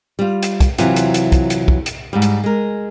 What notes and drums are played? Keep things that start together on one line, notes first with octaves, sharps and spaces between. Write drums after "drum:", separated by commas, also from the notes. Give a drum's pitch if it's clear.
G3 F4
drum: hi-hat
drum: kick, hi-hat
C3 E3 F#3 F4, drum: hi-hat
drum: hi-hat
drum: hi-hat
drum: kick, hi-hat
drum: hi-hat
drum: kick
drum: hi-hat
G#2 G3
drum: hi-hat
G#3 A#4